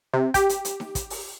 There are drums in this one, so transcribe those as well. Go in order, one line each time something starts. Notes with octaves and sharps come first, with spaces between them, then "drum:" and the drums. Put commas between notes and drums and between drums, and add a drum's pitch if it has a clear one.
C3
G4, drum: kick, hi-hat
drum: hi-hat
drum: hi-hat
drum: snare D#4
drum: kick, hi-hat
drum: open hi-hat